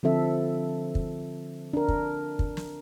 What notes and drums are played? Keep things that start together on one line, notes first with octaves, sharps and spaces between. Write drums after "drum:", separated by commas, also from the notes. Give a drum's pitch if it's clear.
D3 F3 C4 A4 E5
drum: kick
D4 A#4
drum: kick
drum: kick
drum: snare